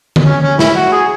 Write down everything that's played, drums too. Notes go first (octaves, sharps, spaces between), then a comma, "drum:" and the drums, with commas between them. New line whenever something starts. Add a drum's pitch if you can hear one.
drum: tom D3
C#4
C#4
E4, drum: snare
F#4
G#4